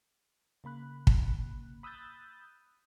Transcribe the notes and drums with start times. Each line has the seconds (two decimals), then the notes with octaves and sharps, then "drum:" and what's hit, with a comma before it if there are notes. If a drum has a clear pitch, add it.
0.64 C#3 A#3 B5 F#6
1.07 drum: kick
1.83 B5 D#6 E6 F#6 G6 A6